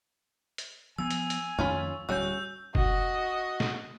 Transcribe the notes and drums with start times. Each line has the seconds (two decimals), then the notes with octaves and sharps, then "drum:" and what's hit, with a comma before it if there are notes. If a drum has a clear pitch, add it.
0.58 drum: hi-hat
0.98 F3 B3 G#5 E6
1.11 drum: hi-hat
1.30 drum: hi-hat
1.59 F2 D#3 A3 C#4 F4 B5
2.09 D1 D#2 G3 C#4 F#4 E6 G6
2.75 F#4 D#5, drum: kick F1
3.60 drum: snare